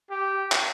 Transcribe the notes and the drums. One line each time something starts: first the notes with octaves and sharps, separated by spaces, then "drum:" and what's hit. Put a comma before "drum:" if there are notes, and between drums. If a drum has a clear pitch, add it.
G4
drum: clap